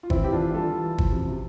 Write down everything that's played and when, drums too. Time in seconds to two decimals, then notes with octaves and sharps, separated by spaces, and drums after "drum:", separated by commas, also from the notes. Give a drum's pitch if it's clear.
0.03 F4
0.10 E3 C4 E4, drum: kick G1
0.24 E3 G4
0.32 D4 F4
0.39 E3
0.54 G3 F4 A4
0.69 E3
0.84 E3
0.98 F3, drum: kick G1
1.12 C3
1.28 C3